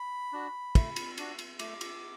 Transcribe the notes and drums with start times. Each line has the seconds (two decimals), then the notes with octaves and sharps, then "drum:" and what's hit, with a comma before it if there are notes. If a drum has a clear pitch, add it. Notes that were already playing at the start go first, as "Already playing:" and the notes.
Already playing: B5
0.33 D4 F#4
0.75 A3, drum: kick, cymbal
0.96 drum: cymbal
1.17 D4 F#4, drum: cymbal
1.39 drum: cymbal
1.59 A3 D6, drum: cymbal
1.81 drum: cymbal